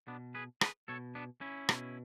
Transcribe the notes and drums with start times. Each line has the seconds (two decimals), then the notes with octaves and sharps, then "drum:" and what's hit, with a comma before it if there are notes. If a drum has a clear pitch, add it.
0.08 B2 B3 D4
0.35 G#4 B4
0.61 G#4 B4, drum: rim click
0.88 B2 A4 C#5
1.15 B3 D4
1.41 C#4 E4
1.69 B2, drum: rim click